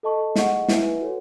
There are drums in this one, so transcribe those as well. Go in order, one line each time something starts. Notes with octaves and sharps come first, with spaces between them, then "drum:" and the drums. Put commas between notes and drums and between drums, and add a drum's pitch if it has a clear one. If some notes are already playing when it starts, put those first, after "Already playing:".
A4 D#5 A5 C#6
G#4 D#5 F#5 C#6, drum: snare
E4 B4 E5 G#5, drum: snare
F#4 A4 C#5 F#5